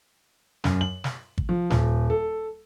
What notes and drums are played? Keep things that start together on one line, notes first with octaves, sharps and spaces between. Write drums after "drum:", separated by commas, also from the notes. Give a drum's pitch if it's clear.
F#2, drum: snare
F#7
drum: snare
drum: kick
F3
D#1, drum: snare
A4